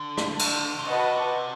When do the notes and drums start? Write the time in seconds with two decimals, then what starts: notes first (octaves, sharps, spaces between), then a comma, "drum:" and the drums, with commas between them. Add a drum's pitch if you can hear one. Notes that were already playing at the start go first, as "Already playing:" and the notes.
Already playing: D3
0.17 drum: rim click
0.39 drum: cymbal
0.79 C3
0.86 C#3 F#4 B4 D#5 F#5 A5
1.15 C3